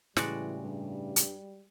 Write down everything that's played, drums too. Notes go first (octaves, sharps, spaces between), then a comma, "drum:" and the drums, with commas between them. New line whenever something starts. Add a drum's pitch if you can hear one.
A2 C#3 E3 G3 G#3 F#4 D5, drum: snare
G2
drum: hi-hat